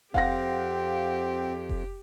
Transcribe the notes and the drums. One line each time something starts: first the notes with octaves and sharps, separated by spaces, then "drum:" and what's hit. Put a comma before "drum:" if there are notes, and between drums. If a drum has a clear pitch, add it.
F2 C4 G4 F5 F#5 A#6, drum: kick F1
drum: kick F1